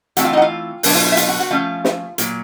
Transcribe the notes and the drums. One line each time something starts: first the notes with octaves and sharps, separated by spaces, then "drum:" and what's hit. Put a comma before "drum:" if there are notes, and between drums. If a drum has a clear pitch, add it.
E3 A3 C4 F#4 F#5, drum: hi-hat
F4 F5
D#4 D#5
F#5
F4 F5
B2 F#3 B3 D4, drum: open hi-hat
F4 F5
F4 F5
E5
F4 F5, drum: hi-hat
F#4 F#5
F#4 F#5
F3 A3 C#4 F4 F5
drum: snare
A#2 F#3, drum: hi-hat